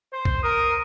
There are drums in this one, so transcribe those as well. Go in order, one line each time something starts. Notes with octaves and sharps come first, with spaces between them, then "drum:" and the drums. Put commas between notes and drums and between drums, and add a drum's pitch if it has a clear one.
C5
drum: kick B1
A#4 D#6